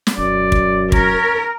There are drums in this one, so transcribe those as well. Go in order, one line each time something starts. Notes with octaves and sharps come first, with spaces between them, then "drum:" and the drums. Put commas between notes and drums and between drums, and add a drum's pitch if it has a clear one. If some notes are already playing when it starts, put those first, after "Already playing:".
drum: snare
E1 F#2 D5
drum: kick
C#4 A#4, drum: kick